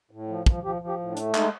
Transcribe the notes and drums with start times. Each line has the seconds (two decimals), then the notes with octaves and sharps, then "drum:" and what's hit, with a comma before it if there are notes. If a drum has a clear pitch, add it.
0.11 A2
0.28 F3
0.46 F3, drum: kick
0.64 F3 G4
0.82 F3
0.88 G4
1.00 A2
1.11 D4
1.17 A3, drum: hi-hat
1.35 G#3 D#4, drum: clap